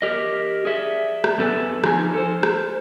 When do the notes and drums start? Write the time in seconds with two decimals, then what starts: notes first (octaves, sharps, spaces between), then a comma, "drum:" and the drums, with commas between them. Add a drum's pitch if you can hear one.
0.02 G4 A#4 D#5
0.65 G#4 D5 E5
1.24 drum: rim click
1.38 F#2 B3 A4 B4 G#5
1.84 F2 F3 D#4 G#5, drum: rim click
2.14 A4 C5
2.43 drum: rim click